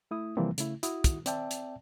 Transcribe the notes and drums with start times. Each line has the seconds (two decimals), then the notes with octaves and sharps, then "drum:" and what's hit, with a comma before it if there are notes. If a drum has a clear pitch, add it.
0.11 A3 E4 D#6
0.37 C3 E3 F3 G3 A#3 C4
0.58 C#3 A3 E4, drum: hi-hat
0.83 E4 F#4 D#6, drum: hi-hat
1.04 drum: kick, hi-hat
1.26 C4 D5 E5 G5 A5, drum: hi-hat
1.51 drum: hi-hat